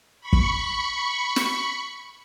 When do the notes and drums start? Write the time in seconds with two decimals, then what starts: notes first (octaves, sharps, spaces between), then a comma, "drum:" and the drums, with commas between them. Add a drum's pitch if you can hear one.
0.21 B5 C#6 C#7
0.33 drum: kick
1.36 drum: snare